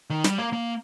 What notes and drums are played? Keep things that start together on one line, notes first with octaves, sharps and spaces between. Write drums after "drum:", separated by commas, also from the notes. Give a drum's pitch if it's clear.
D#3
G3, drum: snare
A#3
A#3